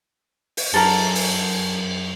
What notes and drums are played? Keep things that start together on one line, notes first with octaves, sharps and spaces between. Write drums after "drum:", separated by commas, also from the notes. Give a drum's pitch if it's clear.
drum: open hi-hat
F#2 A4 A#4 A5, drum: cymbal
drum: open hi-hat